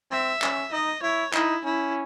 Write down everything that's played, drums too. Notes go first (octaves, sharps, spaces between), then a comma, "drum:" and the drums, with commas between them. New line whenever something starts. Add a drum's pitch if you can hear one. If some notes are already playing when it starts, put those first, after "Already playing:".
C4 E5
C#4, drum: clap
D#4 D#5
E4 C#5
D#4 E4, drum: clap
C#4 E4